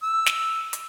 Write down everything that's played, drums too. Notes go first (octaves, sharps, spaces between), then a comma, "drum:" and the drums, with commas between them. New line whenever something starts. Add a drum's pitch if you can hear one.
E6
drum: snare
drum: hi-hat